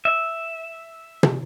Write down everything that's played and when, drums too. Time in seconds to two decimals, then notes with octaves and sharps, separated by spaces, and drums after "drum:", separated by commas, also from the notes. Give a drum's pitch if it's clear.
0.05 E5
1.23 drum: tom